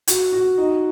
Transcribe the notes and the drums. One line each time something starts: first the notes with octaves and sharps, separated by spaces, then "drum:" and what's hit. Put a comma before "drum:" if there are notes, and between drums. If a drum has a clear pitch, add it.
F#4, drum: hi-hat
F#4
D#4